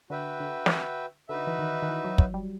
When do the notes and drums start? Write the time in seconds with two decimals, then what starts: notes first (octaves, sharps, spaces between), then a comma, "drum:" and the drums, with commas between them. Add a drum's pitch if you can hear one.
0.10 D3 F#4 B4 E5 G5
0.40 D3
0.66 drum: snare
1.29 D3 D#4 F#4 B4 E5
1.47 E3
1.59 D#3
1.82 D#3
1.89 E3
2.04 F#3
2.18 F#3, drum: kick
2.34 G3